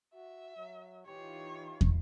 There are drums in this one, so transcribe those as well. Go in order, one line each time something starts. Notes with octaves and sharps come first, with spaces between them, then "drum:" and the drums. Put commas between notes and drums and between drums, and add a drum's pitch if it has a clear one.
F#4 E5
F#3
E3 D#4 F4 G4 C#5
drum: kick